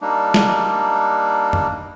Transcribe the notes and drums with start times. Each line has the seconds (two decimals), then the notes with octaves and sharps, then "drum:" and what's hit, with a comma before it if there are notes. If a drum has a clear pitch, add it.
0.01 G3 A#3 D4 D#4
0.34 drum: snare
1.53 drum: tom F2